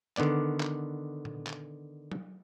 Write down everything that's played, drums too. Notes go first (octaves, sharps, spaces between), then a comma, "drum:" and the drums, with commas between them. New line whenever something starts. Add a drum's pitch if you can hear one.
D3 D#3 B3 D5, drum: clap
drum: clap
drum: tom
drum: clap
drum: tom